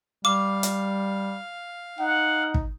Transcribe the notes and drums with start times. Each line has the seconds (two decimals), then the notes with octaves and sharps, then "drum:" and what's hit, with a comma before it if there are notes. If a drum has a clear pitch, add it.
0.25 G3 F5 D6
0.63 drum: hi-hat
1.99 D#4 F#5
2.54 drum: kick